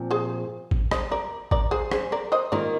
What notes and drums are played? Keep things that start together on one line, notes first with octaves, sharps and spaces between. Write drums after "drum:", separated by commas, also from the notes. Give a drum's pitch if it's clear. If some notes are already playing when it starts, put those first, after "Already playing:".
Already playing: A#2 F3 C4 F4
G#4 C5
drum: kick G#1
C5 D#5, drum: rim click
A#4 D5
A#4 D5, drum: kick G#1
G#4 C5
G#4 C5, drum: rim click
A#4 D5
C5 D#5
D#3 A#3 F4 A#4 D5